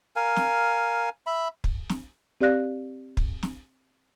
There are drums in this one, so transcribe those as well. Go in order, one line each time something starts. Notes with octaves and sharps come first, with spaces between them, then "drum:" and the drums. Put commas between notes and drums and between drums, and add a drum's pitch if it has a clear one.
A#4 F5 G#5
drum: snare
E5 B5
drum: kick
drum: snare
C4 G4 D5 F5 F#6 A#6
drum: kick
drum: snare